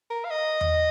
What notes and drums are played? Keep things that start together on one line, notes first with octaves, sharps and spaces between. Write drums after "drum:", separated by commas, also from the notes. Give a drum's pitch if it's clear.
A#4
F5
D#5
drum: tom E2